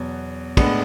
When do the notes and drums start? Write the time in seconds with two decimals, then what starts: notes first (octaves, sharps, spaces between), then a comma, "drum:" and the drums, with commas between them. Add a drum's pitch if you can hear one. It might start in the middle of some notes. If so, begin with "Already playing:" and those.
Already playing: E2 B2 F#3
0.57 A2 G#3 B3 D4, drum: kick, cymbal